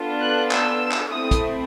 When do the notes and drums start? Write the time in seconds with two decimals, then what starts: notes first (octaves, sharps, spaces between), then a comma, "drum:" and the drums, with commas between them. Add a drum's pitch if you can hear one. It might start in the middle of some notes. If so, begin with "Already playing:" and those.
Already playing: B3 D4 F4 A4
0.21 F#6
0.51 E6, drum: clap
0.91 drum: clap
1.11 A3 C4 E4 D#6
1.31 drum: kick, hi-hat